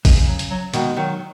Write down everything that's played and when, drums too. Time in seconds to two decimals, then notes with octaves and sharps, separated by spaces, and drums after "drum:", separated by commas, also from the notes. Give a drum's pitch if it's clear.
0.05 C#3 G#3, drum: kick, open hi-hat
0.28 F#3
0.39 drum: hi-hat
0.51 F#3
0.74 B2 D#3 G#3, drum: hi-hat
0.97 D#3 F#3